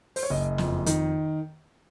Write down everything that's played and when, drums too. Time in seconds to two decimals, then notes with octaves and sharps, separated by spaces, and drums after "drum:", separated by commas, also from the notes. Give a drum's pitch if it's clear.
0.16 C5, drum: open hi-hat
0.23 C#5
0.30 F#1 D#5
0.58 F2, drum: snare
0.86 D#3, drum: hi-hat